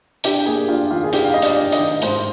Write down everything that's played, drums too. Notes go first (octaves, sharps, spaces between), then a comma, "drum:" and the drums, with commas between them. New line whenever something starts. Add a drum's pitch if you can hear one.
D4 G4, drum: hi-hat
A#3 G#4
D4 F4
D#3 F4
G#4
D4 G4, drum: hi-hat
F5
D4 D#5
D5, drum: hi-hat
D4
D#5, drum: hi-hat
D#3
G#2 C5, drum: hi-hat